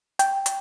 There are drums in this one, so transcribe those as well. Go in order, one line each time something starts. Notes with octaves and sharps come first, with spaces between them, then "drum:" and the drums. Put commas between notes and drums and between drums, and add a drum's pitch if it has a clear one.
G5, drum: hi-hat
drum: hi-hat